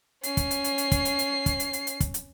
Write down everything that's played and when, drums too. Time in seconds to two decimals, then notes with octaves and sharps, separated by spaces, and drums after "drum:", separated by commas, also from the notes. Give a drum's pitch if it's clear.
0.23 C#4 C7, drum: hi-hat
0.37 drum: kick, hi-hat
0.51 drum: hi-hat
0.64 drum: hi-hat
0.78 drum: hi-hat
0.92 drum: kick, hi-hat
1.05 drum: hi-hat
1.19 drum: hi-hat
1.46 drum: kick, hi-hat
1.60 drum: hi-hat
1.73 drum: hi-hat
1.87 drum: hi-hat
2.00 drum: kick, hi-hat
2.14 drum: hi-hat